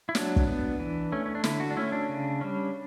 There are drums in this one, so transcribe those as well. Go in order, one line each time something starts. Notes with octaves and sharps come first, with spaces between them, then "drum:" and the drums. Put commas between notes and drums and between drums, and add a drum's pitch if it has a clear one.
E4
F#3 D4, drum: snare
drum: kick
B3
E3
A3 C#4
C#4
D4
D3 E4, drum: snare
F#4
D4
A3 C#4 E4
D4
C#3
G3 C#4